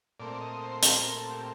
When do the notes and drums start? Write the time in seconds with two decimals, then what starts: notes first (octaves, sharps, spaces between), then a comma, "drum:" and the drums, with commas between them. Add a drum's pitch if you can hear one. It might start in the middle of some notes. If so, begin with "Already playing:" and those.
0.20 A#2 A3 C4 D5
0.41 D#5
0.61 C5
0.82 C5, drum: hi-hat
1.02 A#4
1.17 A4
1.30 G4